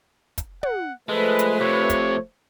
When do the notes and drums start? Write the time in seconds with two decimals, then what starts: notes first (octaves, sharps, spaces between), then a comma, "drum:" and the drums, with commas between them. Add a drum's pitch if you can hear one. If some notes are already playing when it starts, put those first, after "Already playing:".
0.38 drum: kick, hi-hat
0.63 F#5, drum: tom
1.09 F3 G#3 A3 A4 B4
1.39 drum: hi-hat
1.61 C3 C#5
1.90 drum: kick, hi-hat